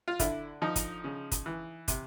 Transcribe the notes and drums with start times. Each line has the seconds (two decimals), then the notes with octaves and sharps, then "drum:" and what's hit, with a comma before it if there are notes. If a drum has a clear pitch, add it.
0.08 F4
0.19 D3 E4, drum: kick, hi-hat
0.62 F3 D#4
0.76 drum: kick, hi-hat
1.04 C#3
1.32 drum: kick, hi-hat
1.46 E3
1.88 C3, drum: kick, hi-hat